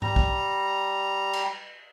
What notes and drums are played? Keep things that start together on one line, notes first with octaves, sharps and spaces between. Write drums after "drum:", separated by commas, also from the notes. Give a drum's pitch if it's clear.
G3 A#5, drum: tom G#2
drum: kick
drum: cymbal